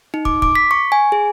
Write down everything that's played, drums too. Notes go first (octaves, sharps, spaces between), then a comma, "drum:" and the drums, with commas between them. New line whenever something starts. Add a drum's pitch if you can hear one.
D#4
D6, drum: kick
D6, drum: kick
B6
C#6
G#5
G#4